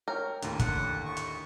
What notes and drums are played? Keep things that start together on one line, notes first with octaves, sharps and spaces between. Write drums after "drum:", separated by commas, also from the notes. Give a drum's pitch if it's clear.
A#4 C#5 G5
D#2 A2 D3, drum: hi-hat
F#5, drum: kick, hi-hat
C#6
drum: hi-hat